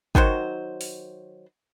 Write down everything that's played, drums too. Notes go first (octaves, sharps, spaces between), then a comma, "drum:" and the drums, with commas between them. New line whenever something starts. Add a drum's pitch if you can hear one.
D#3 F#3 F#4 C5, drum: kick
drum: open hi-hat